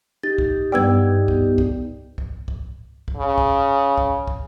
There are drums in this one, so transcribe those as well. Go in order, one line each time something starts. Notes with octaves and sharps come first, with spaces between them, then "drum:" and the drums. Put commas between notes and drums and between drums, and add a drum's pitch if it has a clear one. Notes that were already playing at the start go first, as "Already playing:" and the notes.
D#4 G4 A6
drum: kick
G2 B3 D5 G5 E6 G#6
drum: kick
drum: kick
drum: kick
drum: kick
drum: kick
C#3
drum: kick
drum: kick
drum: kick